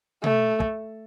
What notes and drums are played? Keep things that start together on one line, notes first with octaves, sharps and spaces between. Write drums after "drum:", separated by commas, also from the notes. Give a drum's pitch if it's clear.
A3, drum: tom B2
drum: kick